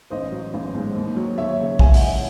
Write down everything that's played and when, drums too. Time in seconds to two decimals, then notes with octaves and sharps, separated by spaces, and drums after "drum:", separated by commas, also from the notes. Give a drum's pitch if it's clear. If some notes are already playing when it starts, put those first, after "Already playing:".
0.10 A1 C5 D#5
0.32 F#3
0.54 A1
0.75 G#2
0.96 D#2
1.16 F#3
1.37 D#2 C#5 E5
1.59 C#3
1.79 C#2 E5 G#5, drum: kick
1.94 D#5 F#5, drum: open hi-hat
2.00 E3
2.07 C#5 E5